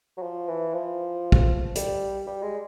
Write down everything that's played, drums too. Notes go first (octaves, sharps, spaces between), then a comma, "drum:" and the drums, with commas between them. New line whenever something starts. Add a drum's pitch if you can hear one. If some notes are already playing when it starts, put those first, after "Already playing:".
F#3
F3
E3
F3
drum: kick
G3, drum: hi-hat
G3
G#3